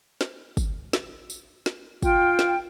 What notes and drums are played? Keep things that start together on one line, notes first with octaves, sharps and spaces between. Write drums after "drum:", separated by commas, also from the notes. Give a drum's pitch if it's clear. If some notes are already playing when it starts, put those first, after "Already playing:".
drum: snare
drum: kick, tambourine
drum: snare
drum: tambourine
drum: snare
F4 G5, drum: kick, tambourine
drum: snare